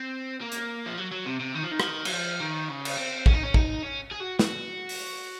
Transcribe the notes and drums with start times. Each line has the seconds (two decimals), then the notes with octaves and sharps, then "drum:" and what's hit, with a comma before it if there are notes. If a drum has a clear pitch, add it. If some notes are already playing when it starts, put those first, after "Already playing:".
Already playing: C4
0.41 A#3
0.52 drum: hi-hat
0.87 F3
0.98 F#3
1.12 F#3
1.26 C3
1.40 C3
1.55 D#3
1.63 F3
1.72 D#3
1.80 F3, drum: rim click
1.87 D#3
2.05 F#3, drum: cymbal
2.12 F3
2.40 D#3
2.69 C#3
2.85 drum: cymbal
2.97 C4
3.26 C#4, drum: kick A1
3.33 D#4
3.43 C#4
3.54 D#4, drum: kick A1
3.83 C#4
4.11 G#4
4.20 F#4
4.39 F#4, drum: snare
4.89 drum: open hi-hat